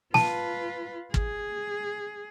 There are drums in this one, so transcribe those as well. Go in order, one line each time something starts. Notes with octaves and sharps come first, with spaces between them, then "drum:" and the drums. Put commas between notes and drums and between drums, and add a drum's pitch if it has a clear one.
F4 B4 A5, drum: snare
G#4, drum: kick